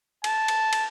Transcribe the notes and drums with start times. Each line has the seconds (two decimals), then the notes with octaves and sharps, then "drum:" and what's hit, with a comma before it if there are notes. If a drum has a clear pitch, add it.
0.24 A5, drum: cymbal
0.48 drum: cymbal
0.73 drum: cymbal